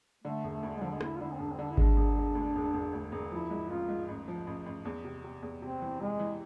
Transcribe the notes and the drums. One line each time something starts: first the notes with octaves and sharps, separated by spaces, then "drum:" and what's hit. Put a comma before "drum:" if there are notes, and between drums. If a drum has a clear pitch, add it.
D3 A3
E1
A3
D2
G#3
D3 F3
G#3
D2 E4, drum: rim click
F4
D3 E4
C4
E1 D4
C4
D3 D4
E4
G#3 D4, drum: kick G#1
E1
G#3
D2
E1
E1
D2
E1
F3 E4
G#2
A1 F4
G#2
A1
F3
A1
A1
E2
C3
C3
E2
C3 C4
E3
C3 G#3
E3